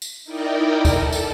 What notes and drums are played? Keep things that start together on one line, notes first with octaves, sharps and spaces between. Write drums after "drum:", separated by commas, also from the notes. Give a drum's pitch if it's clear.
drum: tambourine
D#4 E4 A#4 D5 D#5 G5
A4, drum: kick, tambourine
drum: tambourine